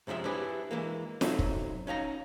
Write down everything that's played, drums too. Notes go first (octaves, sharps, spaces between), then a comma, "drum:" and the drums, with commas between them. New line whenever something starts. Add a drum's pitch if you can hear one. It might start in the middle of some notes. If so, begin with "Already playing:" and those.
F#2 C3 F3 G#3 E5
D4 E4 G4 G#4 B4 C#5
E3 G#3 A#3
C2 F#3 D#4 A4 C#5 E5, drum: snare
drum: kick
C#4 D#4 F5 A#5